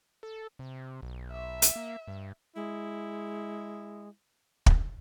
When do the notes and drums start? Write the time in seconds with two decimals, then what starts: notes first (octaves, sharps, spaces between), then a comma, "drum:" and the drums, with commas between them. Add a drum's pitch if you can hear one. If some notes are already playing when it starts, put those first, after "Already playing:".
0.23 A4
0.59 C3
1.03 B1
1.32 E5
1.62 drum: hi-hat
1.76 A#3
2.08 G2
2.56 G#3 E4
4.66 drum: kick